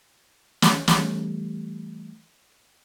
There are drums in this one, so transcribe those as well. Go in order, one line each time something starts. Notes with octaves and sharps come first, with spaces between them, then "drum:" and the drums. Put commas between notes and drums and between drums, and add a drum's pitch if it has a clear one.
drum: snare
E3 G3 A3 B3, drum: snare